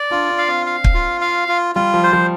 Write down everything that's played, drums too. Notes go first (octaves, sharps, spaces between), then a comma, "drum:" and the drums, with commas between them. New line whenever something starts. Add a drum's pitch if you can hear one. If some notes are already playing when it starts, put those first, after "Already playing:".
Already playing: D5
D4 F4
D4
F5
C4
F5
drum: kick
F4
F5
F4
G3 F4
F3
C5
F3